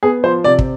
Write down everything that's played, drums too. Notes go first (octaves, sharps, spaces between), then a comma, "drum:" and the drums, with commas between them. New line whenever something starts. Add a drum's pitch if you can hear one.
B3 G#4
F3 C5
C3 D5
drum: kick